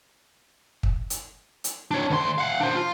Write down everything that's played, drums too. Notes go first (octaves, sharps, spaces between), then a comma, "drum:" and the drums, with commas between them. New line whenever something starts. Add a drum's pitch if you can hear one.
drum: kick
drum: hi-hat
drum: hi-hat
D4 C#5
D2 C6
F5 F#5
D4 C5
F4